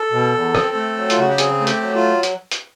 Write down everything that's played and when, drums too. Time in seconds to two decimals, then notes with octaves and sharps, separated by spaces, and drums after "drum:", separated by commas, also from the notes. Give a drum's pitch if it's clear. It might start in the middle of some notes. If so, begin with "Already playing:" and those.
Already playing: A4
0.12 B2
0.33 E2
0.55 C4, drum: rim click
0.75 A3
0.97 F#3
1.10 F4, drum: hi-hat
1.18 C#3 F#4
1.29 G4
1.38 C4 G#4, drum: hi-hat
1.60 A3
1.67 G4, drum: hi-hat
1.81 F#3
1.95 F4
2.23 drum: hi-hat
2.51 drum: hi-hat